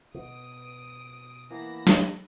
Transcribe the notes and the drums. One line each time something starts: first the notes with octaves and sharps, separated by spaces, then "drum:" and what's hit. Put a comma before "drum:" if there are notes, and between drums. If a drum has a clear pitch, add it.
B2 D#6 D7
E3 A#3 B3 A5 B5 A#6
drum: snare